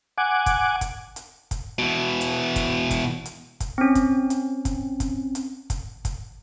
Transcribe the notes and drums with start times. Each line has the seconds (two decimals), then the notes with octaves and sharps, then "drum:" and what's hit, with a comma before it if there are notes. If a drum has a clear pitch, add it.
0.18 F#5 G#5 D6
0.46 drum: kick, hi-hat
0.81 drum: kick, hi-hat
1.16 drum: hi-hat
1.51 drum: kick, hi-hat
1.79 B2 E3
2.21 drum: hi-hat
2.56 drum: kick, hi-hat
2.91 drum: kick, hi-hat
3.26 drum: hi-hat
3.60 drum: kick, hi-hat
3.78 C4 C#4
3.95 drum: kick, hi-hat
4.30 drum: hi-hat
4.65 drum: kick, hi-hat
5.00 drum: kick, hi-hat
5.35 drum: hi-hat
5.70 drum: kick, hi-hat
6.05 drum: kick, hi-hat